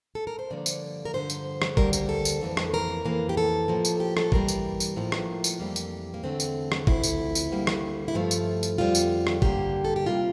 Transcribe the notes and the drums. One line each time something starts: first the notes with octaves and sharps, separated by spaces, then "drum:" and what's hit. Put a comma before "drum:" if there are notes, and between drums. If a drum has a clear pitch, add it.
A4
A#4
C5
G2 D3 F3 A#3 D5
drum: tambourine
A#4
G2 D3 F3 C5
drum: tambourine
drum: rim click
D2 D3 G3 A#3 A#4, drum: kick
A#4, drum: tambourine
A4
drum: tambourine
F2 E3 A#3
drum: rim click
A#4
F2 E3 A#3
G4
A4
A2 F3 A#3
drum: tambourine
G4
A4, drum: rim click
G2 E3 G3 A#3 A#4, drum: kick
drum: tambourine
drum: tambourine
A2 F3 A#3
drum: rim click
drum: tambourine
F2 E3 G3 A#3 G4
drum: tambourine
A#3
E2 D3 A3 C4
drum: tambourine
drum: rim click
D2 C3 F3 A3 E4, drum: kick
drum: tambourine
drum: tambourine
D2 D3 G3 A#3
drum: rim click
E4
G2 F3 A3 F4
drum: tambourine
drum: tambourine
F2 D3 G3 F4
drum: tambourine
drum: rim click
G2 D3 G3 A#3 G4, drum: kick
A4
G4
C3 G3 A#3 F4